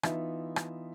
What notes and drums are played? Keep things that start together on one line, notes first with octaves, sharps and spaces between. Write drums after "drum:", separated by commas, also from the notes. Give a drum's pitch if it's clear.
E3 B3 D#4 F4 E5, drum: rim click
drum: rim click